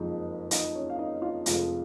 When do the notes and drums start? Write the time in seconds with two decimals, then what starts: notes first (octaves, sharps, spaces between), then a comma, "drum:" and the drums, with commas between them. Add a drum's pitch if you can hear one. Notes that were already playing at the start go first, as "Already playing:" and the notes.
Already playing: F#1 F2 F3 G#3 D#4
0.51 D#4 D#5, drum: hi-hat
0.75 C#4 C#5
0.90 F5
0.98 D#4 D#5
1.22 F4 F5
1.46 F1 F2 F3 G#3, drum: hi-hat